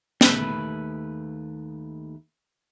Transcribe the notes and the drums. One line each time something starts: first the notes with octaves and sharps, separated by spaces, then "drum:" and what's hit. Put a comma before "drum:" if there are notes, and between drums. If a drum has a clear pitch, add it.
D#2 A3 B4 A#5 B5, drum: snare